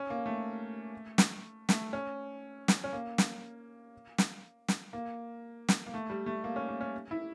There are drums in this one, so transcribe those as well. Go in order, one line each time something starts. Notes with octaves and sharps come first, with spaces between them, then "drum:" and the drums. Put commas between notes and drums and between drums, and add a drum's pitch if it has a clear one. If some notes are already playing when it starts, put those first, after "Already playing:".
Already playing: C#4
A#3
A3
drum: snare
A3, drum: snare
C#4
drum: snare
C#4
A#3
drum: snare
drum: snare
drum: snare
A#3
drum: snare
A#3
A3
G3
A3
A#3
C#4
A#3
C#4
E4